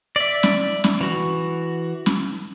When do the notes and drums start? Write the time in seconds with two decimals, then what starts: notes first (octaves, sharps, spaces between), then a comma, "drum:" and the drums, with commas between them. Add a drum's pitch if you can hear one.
0.16 D5 E5
0.43 drum: snare C#4
0.84 drum: snare C#4
1.01 E3 F#4
2.06 drum: snare C#4